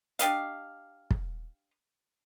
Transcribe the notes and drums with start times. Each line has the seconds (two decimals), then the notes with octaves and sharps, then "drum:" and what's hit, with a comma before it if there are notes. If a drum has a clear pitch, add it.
0.19 D4 G4 D#5 F5, drum: hi-hat
1.11 drum: kick